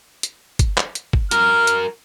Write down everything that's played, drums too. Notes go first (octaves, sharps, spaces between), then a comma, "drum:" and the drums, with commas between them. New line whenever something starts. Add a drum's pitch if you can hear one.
drum: hi-hat
drum: kick, hi-hat
drum: clap
drum: hi-hat
drum: kick
F#4 A#4 F6, drum: hi-hat
drum: hi-hat